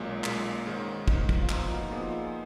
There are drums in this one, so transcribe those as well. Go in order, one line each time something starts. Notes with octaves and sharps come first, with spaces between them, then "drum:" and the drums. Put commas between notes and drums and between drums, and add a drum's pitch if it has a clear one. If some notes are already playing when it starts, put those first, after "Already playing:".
Already playing: B1 A#2 G#3 A#3 C#4 F4
B1 A#2 G#3, drum: clap
G#2 D#3 G#3 C#4
G#2 D#3 G#3, drum: kick
drum: kick
F4
A#2 F3 B3 D#4, drum: clap
D#4 F#4
A#2 F3 B3 F4 G#4